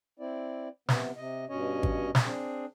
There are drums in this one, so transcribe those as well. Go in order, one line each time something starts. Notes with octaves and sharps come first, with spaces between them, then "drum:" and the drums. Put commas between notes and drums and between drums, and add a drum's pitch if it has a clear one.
C4 E4 D5
C3 B3, drum: snare
C3 D#5
G2 B2 C#4 C#5 D#5
drum: kick G#1
drum: snare
C4 D4 G#4